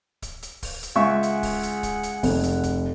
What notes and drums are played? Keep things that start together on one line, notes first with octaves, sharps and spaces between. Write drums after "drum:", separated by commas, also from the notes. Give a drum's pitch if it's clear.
drum: kick, hi-hat
drum: hi-hat
drum: kick, open hi-hat
drum: hi-hat
C#2 G#4 E5 F#5 C#6
drum: hi-hat
drum: kick, open hi-hat
drum: hi-hat
drum: kick, hi-hat
drum: hi-hat
F1, drum: kick, open hi-hat
drum: hi-hat
drum: kick, hi-hat